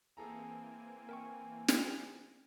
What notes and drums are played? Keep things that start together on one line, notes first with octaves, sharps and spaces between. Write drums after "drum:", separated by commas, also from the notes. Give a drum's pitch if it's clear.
E3 A#3 C4 G#4 A4 G#5 A#5
A#4 G5 C#6
drum: snare